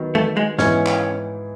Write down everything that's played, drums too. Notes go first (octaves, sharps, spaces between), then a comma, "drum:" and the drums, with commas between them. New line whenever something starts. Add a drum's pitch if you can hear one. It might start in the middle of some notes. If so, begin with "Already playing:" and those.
Already playing: D#3 F#3 B3
A3, drum: tom
G#3
G#2 E3 B3 C#4 E4, drum: snare
drum: clap